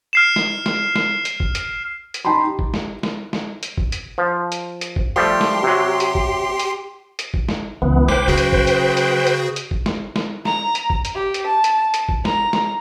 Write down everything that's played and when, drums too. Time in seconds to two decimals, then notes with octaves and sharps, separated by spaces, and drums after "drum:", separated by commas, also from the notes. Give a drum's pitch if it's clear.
0.13 F6 C7 E7
0.36 drum: snare
0.66 drum: snare
0.96 drum: snare
1.25 drum: hi-hat
1.40 drum: kick
1.55 drum: hi-hat
2.14 drum: hi-hat
2.25 D#4 G5 A5 B5 C6
2.47 G4
2.59 drum: kick
2.74 drum: snare
3.03 drum: snare
3.33 drum: snare
3.63 drum: hi-hat
3.78 drum: kick
3.92 drum: hi-hat
4.18 F3
4.52 drum: hi-hat
4.81 drum: hi-hat
4.96 drum: kick
5.16 F3 G3 A3 G4 C6
5.41 drum: snare
5.63 C3 F#3
6.00 drum: hi-hat
6.15 drum: kick
6.59 drum: hi-hat
7.19 drum: hi-hat
7.34 drum: kick
7.49 drum: snare
7.82 C#2 E3 B3
8.08 B1 B4 C5 G5 D6, drum: snare
8.28 C#3 F#3 C#4 F#4 G#4
8.38 drum: hi-hat
8.52 drum: kick
8.67 drum: hi-hat
8.97 drum: hi-hat
9.27 drum: hi-hat
9.56 drum: hi-hat
9.71 drum: kick
9.86 drum: snare
10.16 drum: snare
10.45 A#5, drum: snare
10.75 drum: hi-hat
10.90 drum: kick
11.05 drum: hi-hat
11.15 G4
11.34 drum: hi-hat
11.47 A5
11.64 drum: hi-hat
11.94 drum: hi-hat
12.09 drum: kick
12.25 A#5, drum: snare
12.53 drum: snare